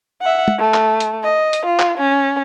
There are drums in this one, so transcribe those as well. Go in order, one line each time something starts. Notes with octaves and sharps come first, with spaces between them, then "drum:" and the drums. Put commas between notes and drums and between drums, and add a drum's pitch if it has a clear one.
E5 F#5
drum: tom
A3
drum: clap
drum: hi-hat
D#5
drum: hi-hat
F4
drum: clap
C#4